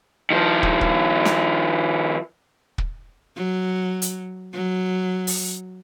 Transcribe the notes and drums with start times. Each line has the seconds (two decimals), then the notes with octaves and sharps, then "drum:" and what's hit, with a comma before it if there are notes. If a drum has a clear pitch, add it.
0.31 D#3 F3
0.63 drum: kick
0.81 drum: kick
1.25 drum: snare
2.78 drum: kick
3.36 F#3
4.02 drum: hi-hat
4.54 F#3
5.27 drum: open hi-hat